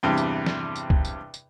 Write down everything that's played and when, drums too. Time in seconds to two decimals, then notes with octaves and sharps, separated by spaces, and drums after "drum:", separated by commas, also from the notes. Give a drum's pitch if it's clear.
0.03 E2 G2 C3
0.17 drum: tambourine
0.47 drum: snare
0.76 drum: tambourine
0.90 drum: kick
1.05 drum: tambourine
1.34 drum: tambourine